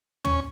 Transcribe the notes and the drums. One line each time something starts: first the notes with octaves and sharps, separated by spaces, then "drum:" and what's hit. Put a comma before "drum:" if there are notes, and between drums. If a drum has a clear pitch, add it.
C#4, drum: tom